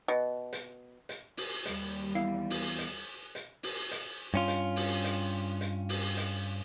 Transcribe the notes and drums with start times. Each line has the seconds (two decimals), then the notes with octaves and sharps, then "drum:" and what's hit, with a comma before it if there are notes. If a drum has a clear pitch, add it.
0.08 B2
0.53 drum: hi-hat
1.09 drum: hi-hat
1.37 drum: open hi-hat
1.65 D#2 G3, drum: hi-hat
2.15 E2 E4 F5
2.50 drum: open hi-hat
2.78 drum: hi-hat
3.35 drum: hi-hat
3.63 drum: open hi-hat
3.91 drum: hi-hat
4.34 G2 C#4 F4
4.48 drum: hi-hat
4.76 drum: open hi-hat
5.04 drum: hi-hat
5.61 drum: hi-hat
5.89 drum: open hi-hat
6.17 drum: hi-hat